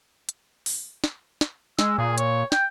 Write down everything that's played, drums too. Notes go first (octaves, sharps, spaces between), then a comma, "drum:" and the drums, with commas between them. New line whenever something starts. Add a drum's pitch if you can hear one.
drum: hi-hat
drum: open hi-hat
drum: snare
drum: snare
G#3 E6, drum: snare
A#2 G#4
C#5, drum: hi-hat
G5, drum: snare